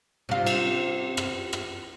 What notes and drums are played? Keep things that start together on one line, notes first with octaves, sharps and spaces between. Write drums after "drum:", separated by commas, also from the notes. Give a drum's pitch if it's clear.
C3 F4
drum: cymbal
drum: rim click
drum: rim click